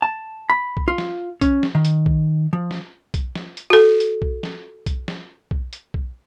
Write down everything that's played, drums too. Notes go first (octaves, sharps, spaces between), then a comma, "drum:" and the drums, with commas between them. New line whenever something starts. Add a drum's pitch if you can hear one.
A5
B5
drum: kick B1
F4
drum: snare
C#4, drum: kick B1, hi-hat
drum: snare
D#3
drum: hi-hat
drum: kick B1
F3
drum: snare
drum: kick B1, hi-hat
drum: snare
drum: hi-hat
F#4 A4
drum: hi-hat
drum: kick B1
drum: snare
drum: kick B1, hi-hat
drum: snare
drum: kick B1
drum: hi-hat
drum: kick B1